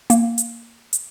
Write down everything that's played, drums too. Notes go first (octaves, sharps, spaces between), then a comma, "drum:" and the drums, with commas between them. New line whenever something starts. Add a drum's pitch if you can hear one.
A#3, drum: hi-hat
drum: hi-hat
drum: hi-hat